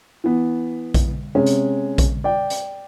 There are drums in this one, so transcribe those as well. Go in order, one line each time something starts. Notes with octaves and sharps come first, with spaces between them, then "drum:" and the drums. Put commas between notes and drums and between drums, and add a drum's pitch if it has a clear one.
E3 B3
drum: kick A#1, hi-hat
C3 G#3 C#4
drum: hi-hat
drum: kick A#1, hi-hat
D5 G5
drum: hi-hat